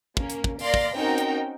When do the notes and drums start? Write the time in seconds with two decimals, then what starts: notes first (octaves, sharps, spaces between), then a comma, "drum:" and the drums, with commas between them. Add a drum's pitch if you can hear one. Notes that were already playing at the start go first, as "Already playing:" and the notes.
0.17 A#3 C#4, drum: kick
0.30 drum: hi-hat
0.44 drum: kick
0.59 A#3 D5 F5 C6 A#6, drum: open hi-hat
0.74 drum: kick
0.96 C4 C#4 D#4 F#4 A#4 G5
1.18 drum: hi-hat